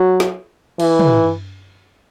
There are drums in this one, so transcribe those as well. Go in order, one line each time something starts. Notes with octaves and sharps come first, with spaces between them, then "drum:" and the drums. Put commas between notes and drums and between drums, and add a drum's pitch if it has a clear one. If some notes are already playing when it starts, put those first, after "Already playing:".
Already playing: F#3
drum: snare
E3, drum: cymbal
drum: tom